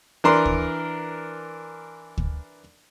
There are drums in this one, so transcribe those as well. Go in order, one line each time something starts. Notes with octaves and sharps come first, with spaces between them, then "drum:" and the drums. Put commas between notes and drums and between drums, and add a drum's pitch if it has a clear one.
E3 D4 A#4 C6
drum: kick
drum: kick